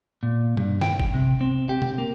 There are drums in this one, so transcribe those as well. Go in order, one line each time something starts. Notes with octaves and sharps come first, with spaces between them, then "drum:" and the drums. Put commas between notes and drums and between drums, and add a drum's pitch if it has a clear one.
A#2
G2, drum: tom B2
G5, drum: snare
drum: kick
C3
C4
G4
drum: tom B2
A#3